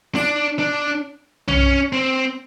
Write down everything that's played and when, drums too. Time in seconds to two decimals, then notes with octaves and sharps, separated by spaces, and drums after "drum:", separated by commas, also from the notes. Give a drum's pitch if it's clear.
0.15 D4, drum: snare E4
0.59 D4
1.48 C#4, drum: tom B1
1.93 C4